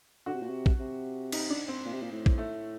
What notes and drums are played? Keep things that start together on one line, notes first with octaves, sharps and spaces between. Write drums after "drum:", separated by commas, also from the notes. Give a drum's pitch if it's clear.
D3 F#4
C3
A#2
C3
drum: kick
C3
D#4, drum: cymbal
D4
C4
A#2
C3
A#2
A2
drum: kick
A3